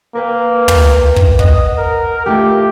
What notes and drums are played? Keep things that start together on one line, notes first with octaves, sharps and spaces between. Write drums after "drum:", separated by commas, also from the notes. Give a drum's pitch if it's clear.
A#3 A#4 B4 G5
G5, drum: tom
drum: kick
D#5 F#5, drum: kick
A#4
A3 E4 F4 G4